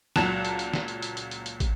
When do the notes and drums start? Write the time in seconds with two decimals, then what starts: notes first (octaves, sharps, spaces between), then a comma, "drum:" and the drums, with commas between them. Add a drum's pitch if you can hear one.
0.16 C#2 A#2 F#3 A5 F#6 E7, drum: snare
0.45 drum: hi-hat
0.59 drum: hi-hat
0.74 drum: snare
0.88 drum: hi-hat
1.02 drum: hi-hat
1.17 drum: hi-hat
1.31 drum: hi-hat
1.46 drum: hi-hat
1.60 drum: kick, hi-hat